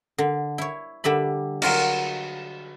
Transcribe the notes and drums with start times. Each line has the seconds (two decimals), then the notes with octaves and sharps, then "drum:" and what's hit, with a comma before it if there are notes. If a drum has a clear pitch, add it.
0.18 D3
0.58 E4 C#5
1.04 D3 G3 E5 B5
1.62 F#3 F4 A#4, drum: cymbal